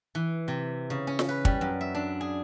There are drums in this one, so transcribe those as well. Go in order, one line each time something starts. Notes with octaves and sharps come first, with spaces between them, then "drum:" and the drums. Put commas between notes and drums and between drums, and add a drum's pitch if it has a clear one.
E3
C3
C#3
C#4
drum: snare
B4
G3, drum: kick
F#2
E5
D4
G#4